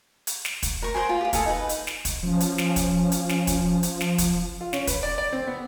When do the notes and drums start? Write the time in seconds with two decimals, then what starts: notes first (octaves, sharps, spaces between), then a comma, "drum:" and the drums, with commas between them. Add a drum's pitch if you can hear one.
0.27 drum: hi-hat
0.45 drum: snare
0.63 drum: kick, hi-hat
0.82 A#4 C#6
0.94 G#4 A#4 C5 F#5
1.09 F4
1.21 F4 G4
1.33 G#4 A4 F5, drum: kick, hi-hat
1.46 D#4 B4
1.69 drum: hi-hat
1.87 drum: snare
2.05 drum: kick, hi-hat
2.23 F3 C#4
2.40 drum: hi-hat
2.58 drum: snare
2.76 drum: kick, hi-hat
3.12 drum: hi-hat
3.29 drum: snare
3.47 drum: kick, hi-hat
3.83 drum: hi-hat
4.01 drum: snare
4.18 drum: kick, hi-hat
4.61 F4
4.73 C#4, drum: snare
4.87 B4, drum: kick, hi-hat
5.03 D5
5.18 D5
5.33 C4
5.47 B3